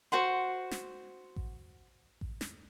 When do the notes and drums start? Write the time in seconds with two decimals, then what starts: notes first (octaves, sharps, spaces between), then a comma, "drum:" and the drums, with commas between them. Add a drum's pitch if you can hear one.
0.12 F#4 C5 F#5 C6
0.71 drum: snare
1.36 drum: kick A1
2.21 drum: kick A1
2.41 drum: snare